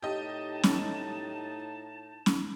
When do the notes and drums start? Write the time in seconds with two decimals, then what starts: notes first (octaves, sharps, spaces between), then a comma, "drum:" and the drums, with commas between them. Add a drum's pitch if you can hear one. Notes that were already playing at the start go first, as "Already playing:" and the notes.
0.02 A2 D#4 G4 D#5 A5
0.63 drum: snare C#4
2.26 drum: snare C#4